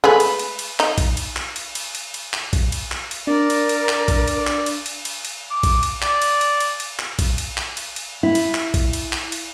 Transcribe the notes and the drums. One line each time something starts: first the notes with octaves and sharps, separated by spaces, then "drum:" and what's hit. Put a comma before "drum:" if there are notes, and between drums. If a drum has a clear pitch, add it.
G#3 A3 G#4 B4 B5
drum: cymbal
drum: cymbal
drum: cymbal
D#4, drum: clap
drum: kick, cymbal
drum: cymbal
drum: clap
drum: cymbal
drum: cymbal
drum: cymbal
drum: cymbal
drum: clap
drum: kick, cymbal
drum: cymbal
drum: clap
drum: cymbal
D4 A#4 D5
drum: cymbal
drum: cymbal
drum: clap
drum: kick, cymbal
drum: cymbal
drum: clap
drum: cymbal
drum: cymbal
drum: cymbal
drum: cymbal
D6
drum: kick, cymbal
drum: cymbal
D5, drum: clap
drum: cymbal
drum: cymbal
drum: cymbal
drum: cymbal
drum: clap
drum: kick, cymbal
drum: cymbal
drum: clap
drum: cymbal
drum: cymbal
E4
drum: cymbal
drum: clap
drum: kick, cymbal
drum: cymbal
drum: clap
drum: cymbal